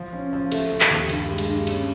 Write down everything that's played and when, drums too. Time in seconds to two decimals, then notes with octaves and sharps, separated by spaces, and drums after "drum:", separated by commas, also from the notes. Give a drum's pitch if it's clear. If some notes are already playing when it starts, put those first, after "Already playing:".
Already playing: F3
0.13 C#4
0.33 F3
0.52 A3, drum: cymbal
0.71 F3
0.80 drum: clap
0.91 D#2
1.09 G2, drum: cymbal
1.29 G#3
1.38 drum: cymbal
1.48 G2
1.67 C#4, drum: cymbal